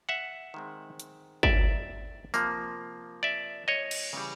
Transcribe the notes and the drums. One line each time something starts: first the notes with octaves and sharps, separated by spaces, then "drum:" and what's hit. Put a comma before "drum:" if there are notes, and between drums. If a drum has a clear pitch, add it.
E5 F#5
D#3 G#3 C4
drum: hi-hat
D5 E5, drum: kick G1
C3 F3 A#3, drum: tambourine
D5 E5
C#5 D#5
drum: cymbal
C#3 E3 G3